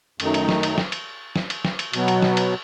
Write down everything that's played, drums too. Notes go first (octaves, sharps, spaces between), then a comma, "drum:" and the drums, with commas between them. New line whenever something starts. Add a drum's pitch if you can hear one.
F#2 D#3 A3 D#4, drum: cymbal
drum: cymbal
drum: snare
drum: cymbal
drum: snare
drum: cymbal
drum: snare
drum: cymbal
drum: snare
drum: cymbal
B2 F#3 B3, drum: cymbal
drum: cymbal
drum: snare
drum: cymbal